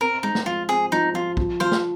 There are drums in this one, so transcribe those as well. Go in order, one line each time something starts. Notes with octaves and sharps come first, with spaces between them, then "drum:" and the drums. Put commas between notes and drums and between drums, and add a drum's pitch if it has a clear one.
C4 A#4
G#3 D#4
drum: snare
F3 F4
C4 G#4
F3 D#4
F3 F4
F3, drum: kick
F3 C5 F5
drum: snare